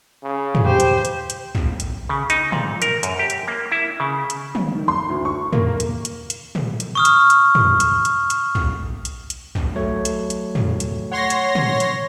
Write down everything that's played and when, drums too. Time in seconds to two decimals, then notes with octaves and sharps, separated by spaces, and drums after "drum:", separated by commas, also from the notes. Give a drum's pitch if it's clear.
0.23 C#3
0.55 drum: tom
0.65 G4 C5
0.80 drum: hi-hat
1.05 drum: hi-hat
1.30 drum: hi-hat
1.55 drum: tom
1.80 drum: hi-hat
2.09 C#3
2.30 D#4, drum: hi-hat
2.52 A#2, drum: tom
2.82 A#4, drum: hi-hat
3.03 F#2, drum: hi-hat
3.19 G4
3.30 drum: hi-hat
3.47 A#3
3.72 E4
4.00 C#3
4.30 drum: hi-hat
4.55 drum: tom
4.75 D#3
4.88 C6
5.09 D2
5.25 C#6
5.53 A#3, drum: tom
5.80 drum: hi-hat
6.05 drum: hi-hat
6.30 drum: hi-hat
6.55 drum: tom
6.80 drum: hi-hat
6.95 C#6 D#6 F6
7.05 drum: hi-hat
7.30 drum: hi-hat
7.55 drum: tom
7.80 drum: hi-hat
8.05 drum: hi-hat
8.30 drum: hi-hat
8.55 drum: tom
9.05 drum: hi-hat
9.30 drum: hi-hat
9.55 drum: tom
9.75 F#3 A3 C#5
10.05 drum: hi-hat
10.30 drum: hi-hat
10.55 drum: tom
10.80 drum: hi-hat
11.12 C#5 F#5 C6 A#6
11.30 drum: hi-hat
11.55 drum: tom
11.80 drum: hi-hat